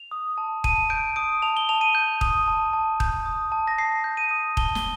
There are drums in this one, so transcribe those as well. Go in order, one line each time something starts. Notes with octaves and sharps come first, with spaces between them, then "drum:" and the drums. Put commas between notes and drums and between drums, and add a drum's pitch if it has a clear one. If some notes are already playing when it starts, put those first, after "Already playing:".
Already playing: F7
D#6
A5
A5 D#7, drum: kick D#1
G6 D7
D#6 D7
A5 F7
G7
A5 F7
D#7
G6
D#6, drum: kick D#1
A5
A5
G6, drum: kick D#1
D#6
A5
A#6
A5 C7
G6
D#7
D#6
A5 G7, drum: kick D#1
G7, drum: snare